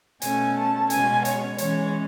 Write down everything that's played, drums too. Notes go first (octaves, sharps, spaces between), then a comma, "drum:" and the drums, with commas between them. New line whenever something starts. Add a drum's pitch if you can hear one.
B2 A3 C#4 G#5, drum: hi-hat
A5
B2 G#3 C#4 G#5, drum: hi-hat
C#5, drum: hi-hat
E3 G#3 C#4 C#5, drum: hi-hat